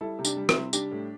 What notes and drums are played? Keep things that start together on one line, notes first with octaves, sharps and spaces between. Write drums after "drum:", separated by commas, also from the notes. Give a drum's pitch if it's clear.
G3 E4 A4
C3
D4 G4, drum: tambourine
G3
C4 E4, drum: rim click
C3
G3 D4 G4, drum: tambourine
A2